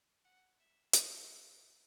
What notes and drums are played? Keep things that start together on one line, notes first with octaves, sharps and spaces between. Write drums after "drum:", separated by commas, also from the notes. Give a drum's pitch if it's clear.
F#5
E5
A4, drum: hi-hat